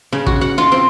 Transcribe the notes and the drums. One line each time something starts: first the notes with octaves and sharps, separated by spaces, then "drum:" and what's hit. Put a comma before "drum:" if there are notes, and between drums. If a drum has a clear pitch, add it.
C#3
F#4, drum: kick
F#5
F4
C4